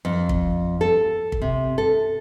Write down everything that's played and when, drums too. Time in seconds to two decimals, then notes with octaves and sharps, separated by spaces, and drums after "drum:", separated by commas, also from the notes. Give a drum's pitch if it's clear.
0.05 F2
0.29 drum: kick
0.81 A4
1.32 drum: kick
1.42 C3
1.78 A4